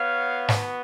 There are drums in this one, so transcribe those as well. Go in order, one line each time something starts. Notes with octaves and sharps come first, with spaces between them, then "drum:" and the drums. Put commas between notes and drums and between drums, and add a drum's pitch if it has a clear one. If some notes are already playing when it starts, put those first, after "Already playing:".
Already playing: B3 F#4 C#5 F5
drum: snare